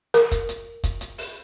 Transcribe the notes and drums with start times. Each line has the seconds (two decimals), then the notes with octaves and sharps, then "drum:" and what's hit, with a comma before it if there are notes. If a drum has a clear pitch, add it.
0.14 A#4, drum: hi-hat
0.32 drum: kick, hi-hat
0.49 drum: hi-hat
0.84 drum: kick, hi-hat
1.01 drum: hi-hat
1.18 drum: open hi-hat